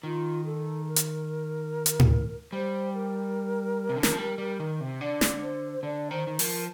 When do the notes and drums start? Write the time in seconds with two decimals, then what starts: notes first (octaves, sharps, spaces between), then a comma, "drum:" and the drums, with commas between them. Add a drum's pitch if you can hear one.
0.03 D#3 F4
0.45 A4
0.87 A#4
0.96 drum: hi-hat
1.86 drum: hi-hat
2.00 drum: tom A2
2.52 G3 C5
2.94 A#4
3.89 C3
3.97 D3
4.03 D#3, drum: snare
4.11 F3
4.18 G3
4.38 G3
4.60 D#3
4.81 C3
5.01 D3 D5
5.21 drum: snare
5.42 C5
5.72 C5
5.83 D3 D5
6.11 D#3 C5
6.27 D#3
6.39 F3 A#4, drum: open hi-hat